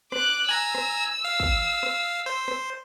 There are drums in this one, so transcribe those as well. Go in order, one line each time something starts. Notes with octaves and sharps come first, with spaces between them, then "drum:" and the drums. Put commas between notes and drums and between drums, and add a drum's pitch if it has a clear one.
D6 F#6, drum: rim click
G#5 A#5 E6 G#6
drum: rim click
F5
drum: kick
drum: rim click
C5
drum: rim click